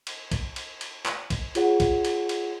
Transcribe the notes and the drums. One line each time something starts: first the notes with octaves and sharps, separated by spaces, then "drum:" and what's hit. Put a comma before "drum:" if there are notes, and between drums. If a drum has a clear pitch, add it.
drum: cymbal
drum: kick, cymbal
drum: cymbal
drum: cymbal
drum: clap
drum: kick, cymbal
F4 G#4 C#5 F#5, drum: cymbal
drum: kick, cymbal
drum: cymbal
drum: cymbal